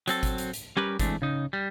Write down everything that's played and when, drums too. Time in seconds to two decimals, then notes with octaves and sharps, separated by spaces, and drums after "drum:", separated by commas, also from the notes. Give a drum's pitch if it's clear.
0.08 F#3 C4 A4, drum: hi-hat
0.23 drum: kick G#1, hi-hat
0.38 drum: hi-hat
0.54 drum: hi-hat
0.77 G3 C#4 G4 A#4 B4
0.99 E3 G#3 A3 C4 D4, drum: kick G#1, hi-hat
1.22 C#3 D#4
1.53 G3